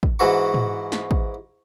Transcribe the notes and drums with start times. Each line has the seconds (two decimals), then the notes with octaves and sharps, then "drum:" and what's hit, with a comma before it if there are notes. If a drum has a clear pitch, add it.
0.03 drum: kick
0.19 G#2 E3 F#4 C#6
0.54 drum: tom
0.92 drum: snare
1.11 drum: kick